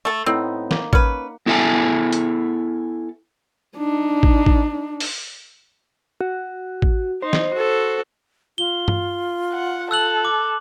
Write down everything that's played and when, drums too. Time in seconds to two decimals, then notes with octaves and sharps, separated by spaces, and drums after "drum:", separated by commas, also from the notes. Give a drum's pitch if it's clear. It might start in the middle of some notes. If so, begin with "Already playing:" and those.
0.05 A3 A4
0.26 A2 B3 C4 D#4
0.71 A#3, drum: snare
0.93 C#4 B4 F#5, drum: kick A1
1.46 B3 E4 A4 E5 G#5 A5
2.13 drum: hi-hat
3.77 D4 D#4
4.23 drum: kick A1
4.46 drum: kick A1
5.00 drum: open hi-hat
6.21 F#4
6.82 drum: kick A1
7.22 D#4 C5
7.33 drum: snare
7.53 F#4 A4
8.58 F4 G7
8.88 drum: tom G2
9.52 F#5
9.91 A4 E6 F#6 F#7
10.25 D6